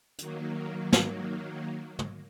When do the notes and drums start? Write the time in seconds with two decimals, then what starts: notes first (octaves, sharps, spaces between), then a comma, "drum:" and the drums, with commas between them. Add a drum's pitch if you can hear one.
0.18 D#3 F#3 A#3, drum: hi-hat
0.93 drum: snare
1.99 drum: tom